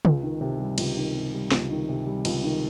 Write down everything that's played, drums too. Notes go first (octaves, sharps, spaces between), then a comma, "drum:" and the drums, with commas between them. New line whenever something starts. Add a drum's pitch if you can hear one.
C#2, drum: tom
D#3
C3
G3
C#2, drum: cymbal
D#3
C3
G3
C#2, drum: snare
D#3
C3
G3
C#2, drum: cymbal
D#3